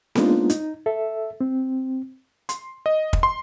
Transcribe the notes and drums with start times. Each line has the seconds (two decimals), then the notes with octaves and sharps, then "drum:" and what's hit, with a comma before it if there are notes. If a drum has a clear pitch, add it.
0.15 G#3 A#3 B3 D4 D#4 F4, drum: snare C4
0.50 D#4, drum: hi-hat
0.86 A4 E5
1.41 C4
2.49 C6, drum: hi-hat
2.86 D#5
3.13 drum: kick
3.23 C6